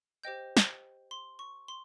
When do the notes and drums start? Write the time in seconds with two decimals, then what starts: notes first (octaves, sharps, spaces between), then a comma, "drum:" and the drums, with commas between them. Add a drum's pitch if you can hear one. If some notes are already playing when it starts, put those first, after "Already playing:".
0.23 G4 C5 D#5 G5 G6
0.57 drum: snare
1.11 C6
1.39 C#6
1.68 C6